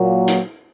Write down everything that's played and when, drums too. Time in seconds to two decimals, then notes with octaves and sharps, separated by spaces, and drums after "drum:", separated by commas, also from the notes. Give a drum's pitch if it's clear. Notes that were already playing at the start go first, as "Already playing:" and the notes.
Already playing: A#2 F#3 A#3
0.28 drum: hi-hat